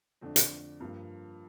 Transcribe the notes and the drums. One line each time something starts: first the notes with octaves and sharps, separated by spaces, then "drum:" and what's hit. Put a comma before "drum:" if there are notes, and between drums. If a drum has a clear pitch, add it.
F2 D3 A3 D4
drum: hi-hat
G2 F3 A#3